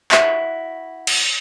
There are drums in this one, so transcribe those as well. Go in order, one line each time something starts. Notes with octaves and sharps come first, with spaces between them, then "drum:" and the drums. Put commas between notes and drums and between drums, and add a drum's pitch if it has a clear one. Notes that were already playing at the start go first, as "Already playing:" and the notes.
E4 F#4, drum: clap
drum: cymbal